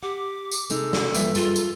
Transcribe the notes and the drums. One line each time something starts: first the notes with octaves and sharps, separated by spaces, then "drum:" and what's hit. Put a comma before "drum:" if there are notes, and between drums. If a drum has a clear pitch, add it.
G4 F#5 D6
drum: tambourine
C3 G#3 D#4 A4, drum: tambourine
drum: snare
G2 E3 F3 A#3 E5, drum: tambourine
F#2 G#3 F4, drum: tambourine
drum: tambourine